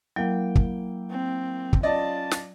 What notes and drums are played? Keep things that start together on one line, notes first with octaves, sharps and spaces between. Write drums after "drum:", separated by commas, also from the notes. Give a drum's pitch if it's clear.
F#3 A#3 E4 G5
drum: kick
C4
drum: kick
C#4 F4 D5 D#5 A5
drum: snare